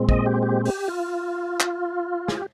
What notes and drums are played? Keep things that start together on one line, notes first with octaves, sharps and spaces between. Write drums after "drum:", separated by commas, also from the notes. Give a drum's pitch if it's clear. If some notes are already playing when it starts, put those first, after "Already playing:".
Already playing: A#2 G#3 C4
D#5, drum: kick
G4
G4
G4, drum: open hi-hat
F4
drum: clap
G#4, drum: snare
G4